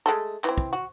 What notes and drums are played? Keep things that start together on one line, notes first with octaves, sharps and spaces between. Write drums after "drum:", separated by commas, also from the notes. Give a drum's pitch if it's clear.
G#3 A3 A4
E3 C4, drum: clap
drum: kick, hi-hat
F#4, drum: hi-hat